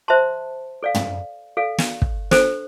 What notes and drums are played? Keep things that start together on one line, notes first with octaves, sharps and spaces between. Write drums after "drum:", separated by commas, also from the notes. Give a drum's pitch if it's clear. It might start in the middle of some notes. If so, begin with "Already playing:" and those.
C5 E5 A5 C6
A4 D5 F5
drum: tom
A4 D5 F5
drum: snare
drum: kick
D4 A4 C5, drum: snare